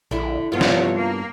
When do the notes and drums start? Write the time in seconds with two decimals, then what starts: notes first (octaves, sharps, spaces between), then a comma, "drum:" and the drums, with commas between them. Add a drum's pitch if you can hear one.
0.11 A#1 D3 E4
0.52 G2 C3 F3 B3 F4 C#5
0.61 drum: snare
0.94 A#3